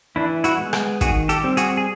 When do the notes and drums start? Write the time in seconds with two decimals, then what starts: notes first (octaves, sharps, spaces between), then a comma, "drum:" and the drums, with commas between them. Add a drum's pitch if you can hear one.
0.16 E3 D4 E4
0.44 E4 F#4, drum: hi-hat
0.59 G#3 B3
0.73 drum: rim click
1.01 D#3 F#4 G#4, drum: kick, hi-hat
1.29 G4 A4, drum: hi-hat
1.43 G3 C4
1.57 F#4 G#4, drum: hi-hat
1.77 G#4